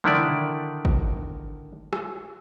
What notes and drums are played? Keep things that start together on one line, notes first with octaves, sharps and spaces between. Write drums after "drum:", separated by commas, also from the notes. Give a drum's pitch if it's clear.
D3 D#3 E4 D5, drum: tom
drum: kick
drum: rim click